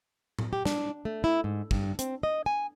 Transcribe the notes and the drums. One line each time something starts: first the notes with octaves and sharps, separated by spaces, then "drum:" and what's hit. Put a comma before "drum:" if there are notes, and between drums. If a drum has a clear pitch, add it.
drum: tom A2
G4
D4, drum: snare
A3
E4
G#2
G2, drum: kick
C4, drum: hi-hat
D#5
G#5